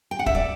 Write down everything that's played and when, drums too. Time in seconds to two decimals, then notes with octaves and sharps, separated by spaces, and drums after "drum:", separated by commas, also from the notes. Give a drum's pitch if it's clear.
0.11 G5
0.19 F#5
0.26 E5, drum: kick
0.35 D5